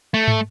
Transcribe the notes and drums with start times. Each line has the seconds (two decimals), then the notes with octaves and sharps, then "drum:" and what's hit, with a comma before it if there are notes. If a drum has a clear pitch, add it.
0.14 A3
0.28 drum: tom